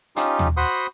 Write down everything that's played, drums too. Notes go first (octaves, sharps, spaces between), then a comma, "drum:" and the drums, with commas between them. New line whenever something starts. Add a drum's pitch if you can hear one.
C#4 D#4 F4 G4, drum: hi-hat
drum: tom
F#4 C5 F#5 B5 C6 D#6